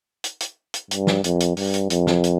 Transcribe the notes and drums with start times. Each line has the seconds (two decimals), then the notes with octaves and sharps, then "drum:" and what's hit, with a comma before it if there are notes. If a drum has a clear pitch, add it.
0.24 drum: hi-hat
0.40 drum: hi-hat
0.74 drum: hi-hat
0.91 G2, drum: hi-hat
1.07 drum: snare
1.24 F2, drum: hi-hat
1.40 drum: hi-hat
1.57 G2, drum: open hi-hat
1.74 drum: hi-hat
1.90 F2, drum: hi-hat
2.07 drum: snare
2.24 drum: hi-hat